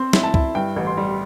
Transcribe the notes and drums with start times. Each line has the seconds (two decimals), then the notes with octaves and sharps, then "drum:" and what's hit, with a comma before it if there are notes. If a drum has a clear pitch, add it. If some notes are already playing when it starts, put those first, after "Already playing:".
Already playing: C4 C5
0.13 E4, drum: snare
0.23 A5
0.34 E4, drum: kick C2
0.55 G2 G5
0.76 A1
0.87 C6
0.97 G3